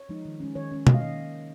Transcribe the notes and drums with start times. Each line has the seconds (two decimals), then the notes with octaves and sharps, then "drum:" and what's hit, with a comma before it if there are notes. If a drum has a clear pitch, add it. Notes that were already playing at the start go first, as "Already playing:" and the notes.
Already playing: C#5
0.09 F3 G#3 D#4
0.25 D#3
0.40 G#3 C#4
0.55 D#3 C#5
0.72 G#3 C#4
0.87 C3 D#5, drum: tom B2
0.94 F5
1.01 D#3 A#3 D#5